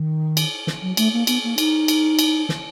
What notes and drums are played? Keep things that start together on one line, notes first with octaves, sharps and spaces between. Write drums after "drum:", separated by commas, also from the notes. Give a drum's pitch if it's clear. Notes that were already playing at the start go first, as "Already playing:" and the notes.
Already playing: D#3
drum: cymbal
drum: snare
F#3
A3, drum: cymbal
A#3
B3, drum: cymbal
A#3
D#4, drum: cymbal
drum: cymbal
drum: cymbal
drum: snare